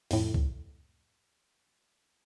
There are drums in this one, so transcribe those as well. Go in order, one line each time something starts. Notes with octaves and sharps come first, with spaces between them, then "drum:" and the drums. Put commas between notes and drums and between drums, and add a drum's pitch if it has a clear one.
F2 A2, drum: open hi-hat
drum: kick C2